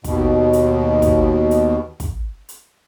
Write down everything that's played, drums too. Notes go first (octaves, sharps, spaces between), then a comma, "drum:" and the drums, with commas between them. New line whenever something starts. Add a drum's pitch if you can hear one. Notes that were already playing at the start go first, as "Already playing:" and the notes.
D#2 B2, drum: kick, hi-hat
drum: hi-hat
drum: kick, hi-hat
drum: hi-hat
drum: kick, hi-hat
drum: hi-hat